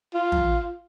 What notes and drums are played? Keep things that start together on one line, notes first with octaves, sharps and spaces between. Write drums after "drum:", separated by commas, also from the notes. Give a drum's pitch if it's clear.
F4
drum: tom